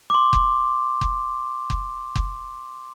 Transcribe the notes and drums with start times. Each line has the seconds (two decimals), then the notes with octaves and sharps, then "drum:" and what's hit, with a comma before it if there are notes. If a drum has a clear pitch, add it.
0.10 C6 D6
0.33 drum: kick F#1
1.01 drum: kick F#1
1.70 drum: kick F#1
2.15 drum: kick F#1